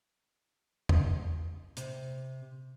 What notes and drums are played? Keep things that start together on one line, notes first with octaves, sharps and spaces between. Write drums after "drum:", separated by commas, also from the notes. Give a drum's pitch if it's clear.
drum: tom E2
C3, drum: hi-hat